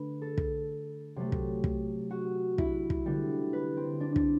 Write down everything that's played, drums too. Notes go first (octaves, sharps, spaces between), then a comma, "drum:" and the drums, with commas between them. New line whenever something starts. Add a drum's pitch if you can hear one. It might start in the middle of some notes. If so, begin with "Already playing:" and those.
Already playing: D3 A3 B4
A4
drum: kick
C3 F#3 A3
drum: kick
drum: kick
F#4
E4, drum: kick
drum: kick
D3 G3 B3
B4
C4
D4
D4, drum: kick